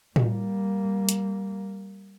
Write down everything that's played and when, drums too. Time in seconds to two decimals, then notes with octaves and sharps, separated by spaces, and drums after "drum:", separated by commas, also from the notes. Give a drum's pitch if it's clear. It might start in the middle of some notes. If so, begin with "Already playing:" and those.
0.16 G3 A#3, drum: tom A2
1.09 drum: hi-hat